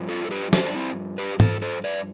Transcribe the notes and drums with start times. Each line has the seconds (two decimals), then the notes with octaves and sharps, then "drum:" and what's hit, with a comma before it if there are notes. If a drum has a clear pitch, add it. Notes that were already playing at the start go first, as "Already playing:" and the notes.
Already playing: G2 F3
0.09 F4 A4
0.25 A4
0.31 G4 B4
0.53 A4 C5, drum: snare
0.66 D4
0.75 C4 E4
1.18 G4 B4
1.40 A4 C5, drum: tom G#2
1.62 A4 C5
1.84 B4 D5